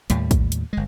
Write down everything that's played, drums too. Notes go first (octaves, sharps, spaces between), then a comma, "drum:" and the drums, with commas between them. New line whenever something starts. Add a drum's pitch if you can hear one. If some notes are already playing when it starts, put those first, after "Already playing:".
D#2 A2 G3, drum: hi-hat
drum: kick, hi-hat
drum: hi-hat
G1 G#3